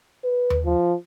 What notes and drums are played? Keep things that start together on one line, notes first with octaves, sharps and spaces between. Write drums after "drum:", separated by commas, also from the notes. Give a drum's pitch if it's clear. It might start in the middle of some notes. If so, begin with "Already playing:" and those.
B4
drum: tom D#2
F3